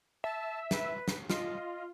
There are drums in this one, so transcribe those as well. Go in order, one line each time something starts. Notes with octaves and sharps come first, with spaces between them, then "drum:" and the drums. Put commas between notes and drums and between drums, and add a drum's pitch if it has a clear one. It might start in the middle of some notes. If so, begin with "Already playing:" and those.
E5 A5
B4, drum: snare
drum: snare
F4 D#5, drum: snare